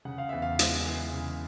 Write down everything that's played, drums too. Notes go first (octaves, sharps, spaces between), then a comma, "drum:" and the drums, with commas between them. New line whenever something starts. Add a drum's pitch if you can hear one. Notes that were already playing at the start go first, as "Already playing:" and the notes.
C#3 F#5
F5
E2 E5
F5
G#3, drum: hi-hat
E3
C#3